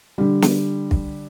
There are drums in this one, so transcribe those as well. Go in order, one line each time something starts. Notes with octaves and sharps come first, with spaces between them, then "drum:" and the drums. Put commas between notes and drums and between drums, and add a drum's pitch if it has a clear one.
D3 G3
drum: snare
drum: kick